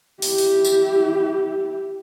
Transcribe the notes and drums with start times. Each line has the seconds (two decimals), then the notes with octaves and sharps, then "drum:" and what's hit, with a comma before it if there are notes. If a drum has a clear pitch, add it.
0.22 E4 G4, drum: open hi-hat
0.38 drum: open hi-hat
0.64 drum: tambourine